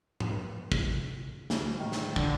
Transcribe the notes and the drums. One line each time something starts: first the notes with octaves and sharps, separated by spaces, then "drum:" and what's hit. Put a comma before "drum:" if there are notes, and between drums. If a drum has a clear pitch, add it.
drum: tom G#2
drum: kick
D2, drum: snare
A2 D#3
drum: snare
D3, drum: kick